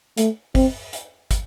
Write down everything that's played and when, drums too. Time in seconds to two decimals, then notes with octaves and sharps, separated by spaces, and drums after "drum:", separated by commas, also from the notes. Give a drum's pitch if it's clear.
0.17 A3, drum: hi-hat
0.55 C4, drum: kick, open hi-hat
0.93 drum: hi-hat
1.31 drum: kick, hi-hat